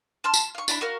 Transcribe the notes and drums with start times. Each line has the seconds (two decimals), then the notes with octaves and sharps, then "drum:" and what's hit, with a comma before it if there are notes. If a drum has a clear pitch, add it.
0.24 A5 C6 F6
0.34 drum: tambourine
0.55 F5 C#6
0.68 D4 E4 B5, drum: tambourine
0.81 F#4 A#4 F5